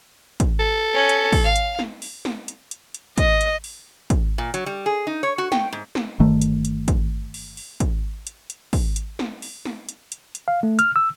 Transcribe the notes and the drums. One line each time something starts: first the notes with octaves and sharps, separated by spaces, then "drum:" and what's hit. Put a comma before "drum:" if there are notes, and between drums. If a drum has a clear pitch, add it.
drum: kick, hi-hat
A4
C#4
drum: hi-hat
drum: kick, open hi-hat
F5
drum: hi-hat
drum: snare
drum: open hi-hat
drum: snare
drum: hi-hat
drum: hi-hat
drum: hi-hat
D#5, drum: kick, hi-hat
drum: hi-hat
drum: open hi-hat
drum: kick, hi-hat
A#2
F#3, drum: hi-hat
G3
G#4
D#4
C#5
F#4
G5, drum: snare
G#2
drum: snare
G1 D#3 A3
drum: hi-hat
drum: hi-hat
drum: kick, hi-hat
drum: open hi-hat
drum: open hi-hat
drum: kick, hi-hat
drum: hi-hat
drum: hi-hat
drum: kick, open hi-hat
drum: hi-hat
drum: snare
drum: open hi-hat
drum: snare
drum: hi-hat
drum: hi-hat
drum: hi-hat
F5
A3
F6, drum: hi-hat
E6